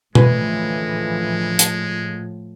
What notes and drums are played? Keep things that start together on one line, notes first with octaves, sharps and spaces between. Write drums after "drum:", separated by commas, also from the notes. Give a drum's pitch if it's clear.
D2 A2 E3 F3 G#3 B4, drum: tom B2
drum: hi-hat